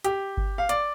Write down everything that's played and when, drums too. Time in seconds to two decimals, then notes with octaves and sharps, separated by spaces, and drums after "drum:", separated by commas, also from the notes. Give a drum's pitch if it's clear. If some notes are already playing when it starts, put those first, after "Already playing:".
0.04 G4, drum: hi-hat
0.37 drum: kick G1
0.58 F5
0.69 D5, drum: hi-hat